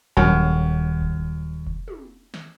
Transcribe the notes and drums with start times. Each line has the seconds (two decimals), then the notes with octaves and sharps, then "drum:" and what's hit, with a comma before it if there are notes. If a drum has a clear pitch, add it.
0.17 D#1 F#2
1.01 drum: kick F1
1.67 drum: kick F1
1.88 drum: tom
2.34 drum: snare